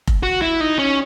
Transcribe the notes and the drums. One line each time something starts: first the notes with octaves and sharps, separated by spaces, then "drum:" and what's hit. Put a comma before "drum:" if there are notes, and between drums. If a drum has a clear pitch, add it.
drum: kick F1
F#4
E4
D#4
C#4